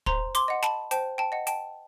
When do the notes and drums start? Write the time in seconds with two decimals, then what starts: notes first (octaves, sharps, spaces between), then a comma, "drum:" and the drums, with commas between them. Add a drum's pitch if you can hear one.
0.06 C5 A#5 C6, drum: kick
0.35 C6 D6, drum: hi-hat
0.48 D#5 F#5
0.63 A5 B5, drum: snare
0.91 C5 G5 A5, drum: hi-hat
1.18 G5 A5
1.32 D#5 F#5
1.47 G5 A5, drum: hi-hat